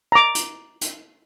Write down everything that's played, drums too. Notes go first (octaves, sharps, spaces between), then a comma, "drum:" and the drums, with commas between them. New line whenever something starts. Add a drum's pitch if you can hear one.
A#5 D6
drum: hi-hat
drum: hi-hat